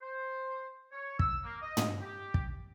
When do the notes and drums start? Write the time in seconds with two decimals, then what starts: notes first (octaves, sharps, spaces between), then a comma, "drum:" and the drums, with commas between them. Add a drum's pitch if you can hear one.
0.02 C5
0.92 C#5
1.19 E6, drum: kick
1.44 A#3
1.62 D#5
1.77 drum: tom
2.02 G4
2.34 drum: kick